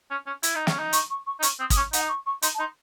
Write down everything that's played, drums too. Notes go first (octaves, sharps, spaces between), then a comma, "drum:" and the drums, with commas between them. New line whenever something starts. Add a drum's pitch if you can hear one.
C#4
C#4
E4, drum: hi-hat
D#4
C#4, drum: snare
D#4
C#6, drum: hi-hat
C#6
C#6
D#4
C#4 C#6, drum: hi-hat
C4 D#6
D#6, drum: kick, hi-hat
C#4 C#6
D#4 F#5, drum: hi-hat
D#6
C#6
C#6
D#4 C6, drum: hi-hat
A5
D#4 C6